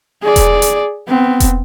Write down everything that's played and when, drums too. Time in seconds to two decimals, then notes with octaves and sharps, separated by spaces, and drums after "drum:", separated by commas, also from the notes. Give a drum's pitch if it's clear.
0.23 G#4 D5
0.36 drum: kick E1, hi-hat
0.62 drum: hi-hat
1.08 B3 C4
1.40 drum: kick E1, hi-hat